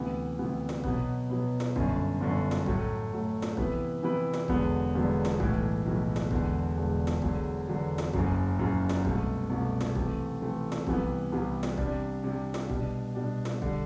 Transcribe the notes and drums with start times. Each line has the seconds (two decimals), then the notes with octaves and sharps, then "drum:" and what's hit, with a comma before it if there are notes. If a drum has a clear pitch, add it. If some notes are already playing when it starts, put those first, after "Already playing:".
Already playing: D2 C3 E3 B3
0.39 D2 C3 E3 B3
0.69 drum: snare
0.84 B2 F#3 B3, drum: kick
1.30 B2 F#3 B3
1.60 drum: snare
1.76 G1 F#2 D3, drum: kick
2.20 G1 F#2 D3
2.51 drum: snare
2.66 A2 F#3 A3, drum: kick
3.12 A2 F#3 A3
3.42 drum: snare
3.57 C3 E3 B3 E4 B4, drum: kick
4.03 C3 E3 B3 E4 B4
4.34 drum: snare
4.48 E1 E2 D3 F#3 B3, drum: kick
4.95 E1 E2 D3 F#3 B3
5.25 drum: snare
5.40 B1 A2 E3, drum: kick
5.86 B1 A2 E3
6.16 drum: snare
6.31 E1 E2 D3, drum: kick
6.77 E1 E2 D3
7.07 drum: snare
7.22 E2 D3 F#3, drum: kick
7.68 E2 D3 F#3
7.98 drum: snare
8.13 F#1 F#2 F#3, drum: kick
8.59 F#1 F#2 F#3
8.89 drum: snare
9.05 C2 B2 A3, drum: kick
9.50 C2 B2 A3
9.81 drum: snare
9.95 C3 E3 A3 C4, drum: kick
10.41 C3 E3 A3 C4
10.72 drum: snare
10.87 C2 C3 E3 B3, drum: kick
11.32 C2 C3 E3 B3
11.63 drum: snare
11.78 C3 G3 D4, drum: kick
12.24 C3 G3 D4
12.54 drum: snare
12.70 B2 G3 D4, drum: kick
13.15 B2 G3 D4
13.45 drum: snare
13.62 D3 G3, drum: kick